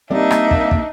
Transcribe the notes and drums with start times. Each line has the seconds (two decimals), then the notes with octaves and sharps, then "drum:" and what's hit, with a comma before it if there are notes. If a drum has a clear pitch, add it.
0.10 G3 A#3 C4 D4 D#4 D5 E5
0.31 drum: rim click
0.51 drum: kick
0.71 drum: kick